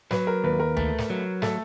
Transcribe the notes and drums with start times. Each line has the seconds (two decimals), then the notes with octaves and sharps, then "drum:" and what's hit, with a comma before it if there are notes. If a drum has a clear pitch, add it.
0.11 F#3 B4, drum: snare
0.27 A#4
0.44 D#2 B4
0.60 A#4
0.77 A3, drum: tom D2
0.98 drum: snare
1.10 F#3
1.42 A3 A4, drum: snare